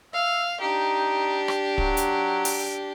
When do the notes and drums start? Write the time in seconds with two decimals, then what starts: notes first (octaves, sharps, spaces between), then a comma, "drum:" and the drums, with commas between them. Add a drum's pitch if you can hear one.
0.14 E5 F5
0.61 D4 D#4 G4
1.48 drum: rim click
1.78 F#3, drum: kick
1.97 drum: hi-hat
2.45 drum: open hi-hat